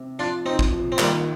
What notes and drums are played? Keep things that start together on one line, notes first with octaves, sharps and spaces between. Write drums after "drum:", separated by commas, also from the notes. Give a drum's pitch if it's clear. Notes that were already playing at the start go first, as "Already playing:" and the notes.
Already playing: C3
F3 D4 F4
C3 C4 D#4
drum: kick
F3
C4
D#3 G3 A#3, drum: clap